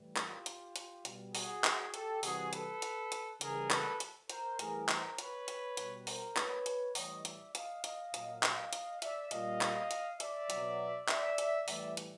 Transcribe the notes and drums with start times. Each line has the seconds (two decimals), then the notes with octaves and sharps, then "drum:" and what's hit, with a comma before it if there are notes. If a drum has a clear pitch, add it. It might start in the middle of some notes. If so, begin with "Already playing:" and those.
Already playing: A2 E3 G3
0.16 F4 G4, drum: clap
0.46 drum: hi-hat
0.76 drum: hi-hat
1.05 B2 G3, drum: hi-hat
1.35 F#4 G#4, drum: open hi-hat
1.64 drum: clap
1.94 G4 A4, drum: hi-hat
2.23 C3 E3 G3 F#4 G#4, drum: open hi-hat
2.53 A4 B4, drum: hi-hat
2.82 drum: hi-hat
3.12 drum: hi-hat
3.41 C#3 E3 G3 G#4 A#4, drum: hi-hat
3.70 A4 B4, drum: clap
4.00 drum: hi-hat
4.30 A#4 C5, drum: hi-hat
4.59 A2 E3 G3 G#4 A#4, drum: hi-hat
4.89 A#4 C5, drum: clap
5.18 B4 C#5, drum: hi-hat
5.48 drum: hi-hat
5.77 B2 G3, drum: hi-hat
6.07 A#4 C5, drum: open hi-hat
6.36 B4 C#5, drum: clap
6.66 drum: hi-hat
6.95 A2 E3 G3 C#5 D#5, drum: open hi-hat
7.25 D5 E5, drum: hi-hat
7.55 D#5 F5, drum: hi-hat
7.84 D#5 F5, drum: hi-hat
8.14 A#2 F#3, drum: hi-hat
8.43 D#5 F5, drum: clap
8.73 drum: hi-hat
9.02 D5 E5, drum: hi-hat
9.31 A#2 G3 D#5 F5, drum: hi-hat
9.61 drum: clap
9.91 drum: hi-hat
10.20 D5 E5, drum: hi-hat
10.50 B2 F#3, drum: hi-hat
11.08 D5 E5, drum: clap
11.38 drum: hi-hat
11.68 A2 E3 G3 D5 E5, drum: open hi-hat
11.97 drum: hi-hat